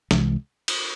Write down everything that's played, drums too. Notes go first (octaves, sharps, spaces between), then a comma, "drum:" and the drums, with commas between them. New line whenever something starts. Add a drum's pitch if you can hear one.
C2 C3 E3 G#3, drum: snare
drum: cymbal